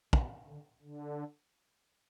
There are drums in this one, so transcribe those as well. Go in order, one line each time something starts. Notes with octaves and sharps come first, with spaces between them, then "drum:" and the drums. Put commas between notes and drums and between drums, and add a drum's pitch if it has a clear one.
B2, drum: kick
D3
D3